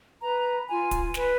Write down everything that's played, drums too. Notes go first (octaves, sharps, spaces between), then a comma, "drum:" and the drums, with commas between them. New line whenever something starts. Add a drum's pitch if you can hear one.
B4 A#5
F4 G#5
drum: kick, hi-hat
B4, drum: snare